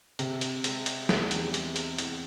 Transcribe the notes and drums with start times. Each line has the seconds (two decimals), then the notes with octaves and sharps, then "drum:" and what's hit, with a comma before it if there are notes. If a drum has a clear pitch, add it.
0.19 C3, drum: hi-hat
0.41 drum: hi-hat
0.64 G#3, drum: hi-hat
0.86 drum: hi-hat
1.09 E2, drum: snare
1.31 drum: hi-hat
1.54 G#3, drum: hi-hat
1.76 drum: hi-hat
1.98 E2, drum: hi-hat